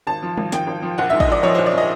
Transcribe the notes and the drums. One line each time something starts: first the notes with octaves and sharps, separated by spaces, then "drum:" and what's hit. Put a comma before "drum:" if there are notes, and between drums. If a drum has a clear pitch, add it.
G#1 A5
F3
G#1, drum: tom G3
G#1 G5, drum: snare
G#1
F3
A#1 F#5
G#2 E5
D#5, drum: kick
A#1 D5
F3 C#5
A#1 C5
D5
F3 D#5